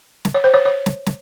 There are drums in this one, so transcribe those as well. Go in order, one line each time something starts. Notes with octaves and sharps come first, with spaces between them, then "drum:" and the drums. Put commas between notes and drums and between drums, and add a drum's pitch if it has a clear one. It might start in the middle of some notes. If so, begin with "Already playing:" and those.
drum: snare
C#5
C5
C#5
C#5
drum: snare
drum: snare